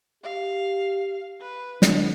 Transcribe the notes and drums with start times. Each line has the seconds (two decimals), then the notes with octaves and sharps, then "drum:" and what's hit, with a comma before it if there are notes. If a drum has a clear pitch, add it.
0.24 G4 F5
1.41 B4
1.82 D3, drum: snare